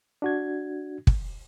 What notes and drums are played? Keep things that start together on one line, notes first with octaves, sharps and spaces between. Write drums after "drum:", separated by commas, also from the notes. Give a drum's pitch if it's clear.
D4 F#4 G#6
drum: kick